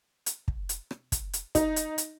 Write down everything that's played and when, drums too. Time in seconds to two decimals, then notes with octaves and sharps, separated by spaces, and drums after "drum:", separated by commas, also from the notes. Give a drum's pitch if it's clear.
0.26 drum: hi-hat
0.48 drum: kick
0.69 drum: hi-hat
0.91 drum: rim click
1.12 drum: kick, hi-hat
1.33 drum: hi-hat
1.55 D#4, drum: kick, hi-hat
1.76 drum: hi-hat
1.98 drum: hi-hat